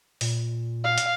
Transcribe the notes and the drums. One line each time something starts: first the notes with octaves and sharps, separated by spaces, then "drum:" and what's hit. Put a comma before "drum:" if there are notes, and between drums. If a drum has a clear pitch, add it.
A#2, drum: open hi-hat
F5
drum: hi-hat